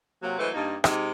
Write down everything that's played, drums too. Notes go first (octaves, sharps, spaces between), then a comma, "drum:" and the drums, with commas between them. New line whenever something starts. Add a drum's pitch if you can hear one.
C3 F#3 A#3
E3 F#3 G#3 A3 B4 C5
G2 A#3 D#4
C3 G#3 D#4, drum: rim click